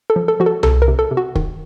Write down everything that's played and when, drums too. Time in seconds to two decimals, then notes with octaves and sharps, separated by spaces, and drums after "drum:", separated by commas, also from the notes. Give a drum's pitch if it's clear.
0.10 A4
0.16 F3
0.28 A4
0.40 F3 F#4
0.46 A4
0.63 C3 A4, drum: tom C2
0.82 A#4
0.88 C3
0.99 A4
1.11 C3
1.17 F#4
1.36 D#3, drum: kick